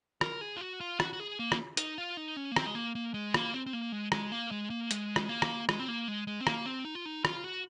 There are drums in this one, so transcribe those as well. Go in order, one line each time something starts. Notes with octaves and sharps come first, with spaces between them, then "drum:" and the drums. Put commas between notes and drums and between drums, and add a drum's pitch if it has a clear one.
A#4, drum: rim click
G#4
F4
F#4
F4
F#4, drum: rim click
F#4
G#4
A#3
drum: rim click
D#4, drum: hi-hat
F4
D#4
C#4
A#3
C4, drum: rim click
G#3
A#3
A#3
G#3
A#3, drum: rim click
C4
C4
A#3
G#3
G#3, drum: rim click
A#3
G#3
A#3
G#3, drum: hi-hat
drum: rim click
A#3
drum: rim click
G#3, drum: rim click
C4
A#3
G#3
G#3
C4
A#3, drum: rim click
C4
D#4
F4
D#4
F4, drum: rim click
F#4